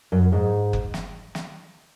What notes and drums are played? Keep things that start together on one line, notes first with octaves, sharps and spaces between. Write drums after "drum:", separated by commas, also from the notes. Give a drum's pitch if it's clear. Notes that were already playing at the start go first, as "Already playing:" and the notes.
F#2
G#2
drum: kick F#1
drum: snare
drum: snare